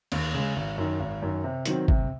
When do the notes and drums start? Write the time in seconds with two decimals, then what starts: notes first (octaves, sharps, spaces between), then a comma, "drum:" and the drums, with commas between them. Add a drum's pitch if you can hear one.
0.12 D#2, drum: cymbal
0.34 C#3 G#3
0.56 G#1
0.78 F#2 D#3
1.00 G#1
1.22 F#2 D#3
1.44 C3
1.65 D#3 F#3 C4, drum: hi-hat
1.88 C3, drum: kick G1